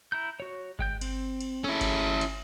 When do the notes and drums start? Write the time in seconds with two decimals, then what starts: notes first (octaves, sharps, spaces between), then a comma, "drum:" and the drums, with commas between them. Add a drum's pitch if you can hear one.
0.12 E4 A#5 G6
0.40 F#4 C#5
0.79 G#3 G5 G6, drum: kick G1
1.01 C4, drum: cymbal
1.41 drum: cymbal
1.64 C#4 E4 G#4 A4
1.81 drum: kick G1, cymbal
2.21 drum: cymbal